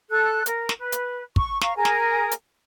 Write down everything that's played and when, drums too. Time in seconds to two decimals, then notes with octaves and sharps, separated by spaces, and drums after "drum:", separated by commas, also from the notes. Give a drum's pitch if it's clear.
0.10 A4 F#6
0.46 A#4, drum: hi-hat
0.69 drum: snare
0.80 B4
0.92 drum: hi-hat
1.36 C#6, drum: kick
1.61 F5 A#5 C#6, drum: snare
1.76 G#4 A#4 G#5 A#5
1.85 drum: snare
2.31 drum: hi-hat